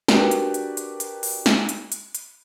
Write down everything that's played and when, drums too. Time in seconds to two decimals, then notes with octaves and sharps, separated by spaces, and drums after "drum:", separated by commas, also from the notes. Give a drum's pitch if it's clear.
0.08 D4 F#4 G4 A#4 B4 D5, drum: snare
0.31 drum: hi-hat
0.54 drum: hi-hat
0.77 drum: hi-hat
1.00 drum: hi-hat
1.23 drum: open hi-hat
1.46 drum: snare
1.69 drum: hi-hat
1.92 drum: hi-hat
2.15 drum: hi-hat